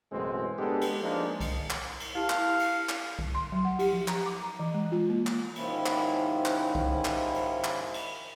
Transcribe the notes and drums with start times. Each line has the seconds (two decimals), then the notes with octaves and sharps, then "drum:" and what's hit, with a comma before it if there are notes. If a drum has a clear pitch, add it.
0.12 A1 F#2 B2 G#3 C4
0.59 G#3 B3 D4 G4 A4
0.81 drum: cymbal
1.03 F3 G#3 A#3 D4 D#4
1.41 drum: kick C2, cymbal
1.70 drum: clap
2.00 drum: cymbal
2.15 E4 G4 F5 A5
2.30 drum: clap
2.59 drum: cymbal
2.89 drum: clap
3.19 drum: kick C2
3.35 C6
3.52 F#3
3.65 F#5
3.79 G4, drum: cymbal
3.92 F3
4.08 A#5, drum: clap
4.26 D6
4.43 A#5
4.59 E3
4.74 G#3
4.92 F4
5.10 A#3
5.27 drum: clap
5.55 G#2 C3 D#3 F3 C#4 E4, drum: cymbal
5.86 drum: clap
6.45 drum: clap
6.75 drum: kick C2
7.05 drum: clap
7.34 drum: cymbal
7.64 drum: clap
7.94 drum: cymbal